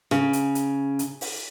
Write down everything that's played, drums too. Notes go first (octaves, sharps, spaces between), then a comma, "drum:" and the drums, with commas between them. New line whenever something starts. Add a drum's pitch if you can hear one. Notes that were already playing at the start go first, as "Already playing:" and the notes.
C#3, drum: rim click
drum: hi-hat
drum: hi-hat
drum: hi-hat
drum: open hi-hat